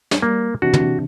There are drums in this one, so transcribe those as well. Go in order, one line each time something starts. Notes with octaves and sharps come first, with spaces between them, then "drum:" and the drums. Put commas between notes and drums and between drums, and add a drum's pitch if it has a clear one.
drum: snare
G3 A#3
C3 E3 D4 F#4
drum: tom